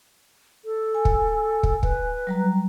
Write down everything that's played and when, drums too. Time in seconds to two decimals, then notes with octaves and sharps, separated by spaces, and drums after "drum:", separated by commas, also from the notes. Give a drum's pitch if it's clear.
0.65 A4
0.95 G#5
1.05 drum: kick
1.63 drum: kick
1.83 B4, drum: kick
2.27 F#3 G3 A#5